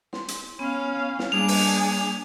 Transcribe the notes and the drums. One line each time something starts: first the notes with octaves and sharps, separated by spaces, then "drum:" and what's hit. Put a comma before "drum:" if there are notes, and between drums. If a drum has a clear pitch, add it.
C6, drum: snare
drum: hi-hat
B3 C#4 F5
drum: snare
G3 A#3 D4 G#4 F7
drum: open hi-hat